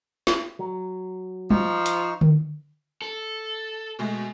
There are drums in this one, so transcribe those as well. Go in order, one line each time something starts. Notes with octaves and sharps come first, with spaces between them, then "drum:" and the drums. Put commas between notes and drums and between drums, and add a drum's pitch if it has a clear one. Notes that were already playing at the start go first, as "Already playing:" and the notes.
drum: snare
F#3
F3 D#4 C#6, drum: tom F#3
drum: hi-hat
drum: tom D3
A4
B2 G#3 A3